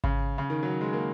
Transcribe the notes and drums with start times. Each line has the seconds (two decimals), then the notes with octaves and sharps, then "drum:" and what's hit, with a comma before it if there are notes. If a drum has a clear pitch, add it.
0.04 C#3, drum: kick G#1
0.38 C#3
0.50 D#3
0.63 F#3
0.81 G#3
0.93 A#3